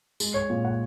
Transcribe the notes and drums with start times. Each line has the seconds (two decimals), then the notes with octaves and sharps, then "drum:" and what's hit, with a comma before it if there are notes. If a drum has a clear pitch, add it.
0.20 G#3, drum: tambourine
0.34 C#5
0.50 A#2
0.65 F#5